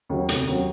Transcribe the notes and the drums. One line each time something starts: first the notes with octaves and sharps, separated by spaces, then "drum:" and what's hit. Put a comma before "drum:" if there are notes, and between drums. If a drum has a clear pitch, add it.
D#2 C#3 F#3
F1, drum: hi-hat
D#2 C#3 F#3